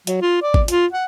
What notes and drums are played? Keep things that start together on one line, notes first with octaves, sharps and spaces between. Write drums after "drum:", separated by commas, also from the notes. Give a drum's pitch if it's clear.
F#3, drum: hi-hat
F4
D5
drum: kick
F4, drum: hi-hat
F#5